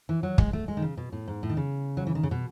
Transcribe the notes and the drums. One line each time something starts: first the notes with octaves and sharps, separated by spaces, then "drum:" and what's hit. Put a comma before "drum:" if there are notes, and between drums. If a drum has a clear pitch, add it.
E3
F#3
G#3, drum: kick
A3
G#3
D#3
C#3
B2
A2
G#2
A2
D#3
C#3
F#3
E3
D#3
C#3
B2